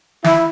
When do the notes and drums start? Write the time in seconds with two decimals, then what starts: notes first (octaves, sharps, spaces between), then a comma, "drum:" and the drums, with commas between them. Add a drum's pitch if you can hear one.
0.24 E4, drum: snare